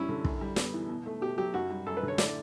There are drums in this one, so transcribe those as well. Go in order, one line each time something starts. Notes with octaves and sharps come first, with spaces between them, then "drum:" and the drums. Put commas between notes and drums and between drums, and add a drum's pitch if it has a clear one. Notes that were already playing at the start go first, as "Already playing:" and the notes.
Already playing: F#2 G3 C#4 E4
D3
F#2, drum: kick
G3
B3, drum: snare
E3
B2
A3
B2 G4
F#3 G4
F#2 F#4
G3
F#2 A4
B4
D3
C#5
A2 D5, drum: snare